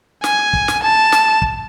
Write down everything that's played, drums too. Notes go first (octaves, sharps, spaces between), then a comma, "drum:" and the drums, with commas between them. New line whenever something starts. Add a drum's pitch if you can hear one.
G#5, drum: snare
drum: kick
drum: snare
A5
drum: snare
drum: kick